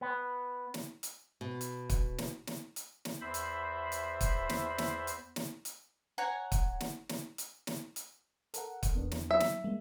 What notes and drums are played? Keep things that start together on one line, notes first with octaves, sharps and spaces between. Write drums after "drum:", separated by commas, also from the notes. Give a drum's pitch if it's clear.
B3
drum: snare
drum: hi-hat
B2
drum: hi-hat
drum: kick, hi-hat
drum: snare
drum: snare
drum: hi-hat
drum: snare
E2 C5 E5 B5
drum: hi-hat
drum: hi-hat
drum: kick, hi-hat
drum: snare
drum: snare
drum: hi-hat
drum: snare
drum: hi-hat
C#5 F#5 G#5 A#5
drum: kick, hi-hat
drum: snare
drum: snare
drum: hi-hat
drum: snare
drum: hi-hat
A4 A#4 F#5, drum: hi-hat
drum: kick, hi-hat
E2 B3 D4
drum: snare
F#3 E5
drum: snare
G3 G#3 A#3